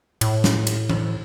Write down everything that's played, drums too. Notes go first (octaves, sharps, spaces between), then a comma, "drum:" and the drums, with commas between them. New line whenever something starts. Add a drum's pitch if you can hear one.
A2, drum: cymbal
drum: snare
drum: cymbal
drum: tom E3